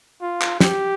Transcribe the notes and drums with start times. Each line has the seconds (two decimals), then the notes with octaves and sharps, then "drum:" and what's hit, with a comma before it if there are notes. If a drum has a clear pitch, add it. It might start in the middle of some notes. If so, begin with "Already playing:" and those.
0.22 F4
0.41 drum: clap
0.61 G4, drum: snare